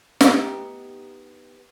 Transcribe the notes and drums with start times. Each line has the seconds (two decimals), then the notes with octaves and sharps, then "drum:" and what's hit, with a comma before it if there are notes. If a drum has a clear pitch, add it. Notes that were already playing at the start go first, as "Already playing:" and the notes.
0.21 B3 D#4 G4, drum: snare